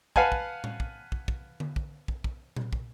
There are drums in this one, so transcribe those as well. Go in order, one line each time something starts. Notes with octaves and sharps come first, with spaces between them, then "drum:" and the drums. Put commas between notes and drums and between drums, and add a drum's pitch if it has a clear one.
B4 F5 F#5 G#5 A5, drum: kick
drum: kick
drum: tom A2
drum: kick
drum: kick
drum: kick
drum: tom D3
drum: kick
drum: kick
drum: kick
drum: tom A#2
drum: kick